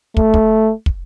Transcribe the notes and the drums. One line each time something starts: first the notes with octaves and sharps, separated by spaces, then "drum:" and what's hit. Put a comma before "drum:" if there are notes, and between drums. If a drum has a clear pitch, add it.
A3, drum: kick
drum: kick
drum: kick